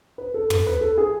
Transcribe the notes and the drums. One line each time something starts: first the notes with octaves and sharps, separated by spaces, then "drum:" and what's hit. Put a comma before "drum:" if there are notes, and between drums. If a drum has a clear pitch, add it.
B4
A4
A4, drum: tom
B4
A4
G#4